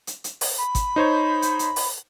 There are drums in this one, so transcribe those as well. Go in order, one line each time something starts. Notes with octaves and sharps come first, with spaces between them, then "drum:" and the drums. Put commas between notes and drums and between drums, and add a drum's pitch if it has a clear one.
drum: hi-hat
drum: hi-hat
drum: open hi-hat
B5
drum: kick, hi-hat
D#4 C5 C#5
drum: hi-hat
drum: hi-hat
drum: open hi-hat